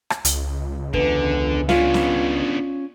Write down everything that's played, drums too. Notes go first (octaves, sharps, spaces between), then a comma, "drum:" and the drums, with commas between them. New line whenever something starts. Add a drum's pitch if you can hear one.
drum: rim click
C#2, drum: hi-hat
E2 D3, drum: kick
B3 C#4 D4 F4 F5, drum: snare
drum: snare